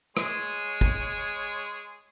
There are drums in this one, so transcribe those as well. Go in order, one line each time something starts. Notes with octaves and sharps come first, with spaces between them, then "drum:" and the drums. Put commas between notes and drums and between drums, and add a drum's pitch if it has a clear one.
G#3 G#4 C#5, drum: rim click
drum: kick